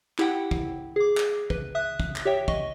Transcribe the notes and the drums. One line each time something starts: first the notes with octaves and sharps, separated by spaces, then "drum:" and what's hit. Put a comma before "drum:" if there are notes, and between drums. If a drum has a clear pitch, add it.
E4 G4 F#5 G5, drum: clap
drum: kick
G#4 D6
drum: clap
B4, drum: kick
E5 D#6 F#6
drum: kick
drum: clap
G4 C#5 E5 G5
D#5 C#6, drum: kick